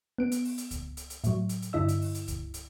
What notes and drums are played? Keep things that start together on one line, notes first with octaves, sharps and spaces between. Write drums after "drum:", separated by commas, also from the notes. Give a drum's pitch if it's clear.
B3 D7
drum: hi-hat
drum: open hi-hat
drum: hi-hat
drum: kick C#2, hi-hat
drum: hi-hat
drum: hi-hat
A2 F#3, drum: hi-hat
drum: hi-hat
drum: hi-hat
G2 D3 E4 D#5 E6
drum: hi-hat
drum: open hi-hat
drum: hi-hat
drum: kick C#2, hi-hat
drum: hi-hat